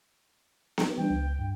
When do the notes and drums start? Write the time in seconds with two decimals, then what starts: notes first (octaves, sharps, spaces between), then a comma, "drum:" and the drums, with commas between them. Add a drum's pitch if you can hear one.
0.78 drum: snare B3
0.98 E3 G3 D4 G5
1.10 C#2
1.39 G2